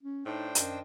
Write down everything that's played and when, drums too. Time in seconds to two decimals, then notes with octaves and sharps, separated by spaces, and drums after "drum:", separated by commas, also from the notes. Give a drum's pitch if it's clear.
0.03 C#4
0.26 A2 D4 D#4 C5 G5
0.55 F#2 D#3, drum: hi-hat